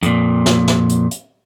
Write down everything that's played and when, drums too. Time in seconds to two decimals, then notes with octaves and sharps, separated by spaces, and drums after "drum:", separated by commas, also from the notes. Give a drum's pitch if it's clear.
0.03 F2 A#2, drum: hi-hat
0.46 drum: snare
0.68 drum: snare
0.89 drum: hi-hat
1.11 drum: hi-hat